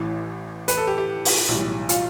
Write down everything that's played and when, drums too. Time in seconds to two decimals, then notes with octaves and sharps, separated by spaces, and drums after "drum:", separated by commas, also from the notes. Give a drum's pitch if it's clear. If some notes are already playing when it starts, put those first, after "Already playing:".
Already playing: A1 A2 E3
0.68 B4, drum: hi-hat
0.77 A4
0.87 G4
0.98 G4
1.25 drum: open hi-hat
1.48 B1 A2 E3 G3
1.89 F4, drum: hi-hat